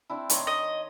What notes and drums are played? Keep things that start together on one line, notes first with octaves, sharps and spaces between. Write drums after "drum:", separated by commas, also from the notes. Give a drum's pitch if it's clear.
C4 D4 E4
D#3 C#5 C6, drum: hi-hat
D#5